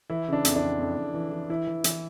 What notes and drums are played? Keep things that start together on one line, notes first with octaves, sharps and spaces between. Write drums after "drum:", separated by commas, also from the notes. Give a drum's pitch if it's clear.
E3 E4
C#3 D4
F2, drum: hi-hat
E4
D4
F2
F2
F2
E3
E3
E3 E4
E3
E3, drum: hi-hat